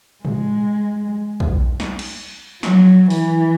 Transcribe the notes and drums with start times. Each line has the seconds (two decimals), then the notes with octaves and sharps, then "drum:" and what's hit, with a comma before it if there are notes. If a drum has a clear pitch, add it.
0.25 G#3, drum: tom
1.40 drum: kick
1.80 drum: snare
1.99 drum: cymbal
2.63 F#3, drum: snare
3.10 E3, drum: open hi-hat